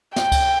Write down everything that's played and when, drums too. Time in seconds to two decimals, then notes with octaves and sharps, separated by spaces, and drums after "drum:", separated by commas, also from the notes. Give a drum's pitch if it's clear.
0.16 G5, drum: snare
0.32 drum: kick C#2, cymbal